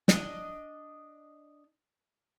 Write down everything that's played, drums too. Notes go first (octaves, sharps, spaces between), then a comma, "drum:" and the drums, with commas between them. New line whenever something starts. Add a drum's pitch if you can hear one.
D4 D#5, drum: snare